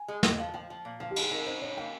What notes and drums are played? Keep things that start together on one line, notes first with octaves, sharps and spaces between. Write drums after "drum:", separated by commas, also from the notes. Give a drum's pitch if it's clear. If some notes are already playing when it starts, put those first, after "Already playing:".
Already playing: G#5
G#3
G#3, drum: snare
F3 F5
F3 G5
F3
A#2
F3 F5
G4
D#4 G#4, drum: cymbal
D#4 A#4
D#4 C5
D#4 C#5
A#3 G5